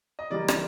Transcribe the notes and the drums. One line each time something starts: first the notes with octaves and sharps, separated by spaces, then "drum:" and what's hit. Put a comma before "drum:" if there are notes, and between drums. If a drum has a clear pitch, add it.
D#5
C#3 E3 G3 A#3 D5
drum: rim click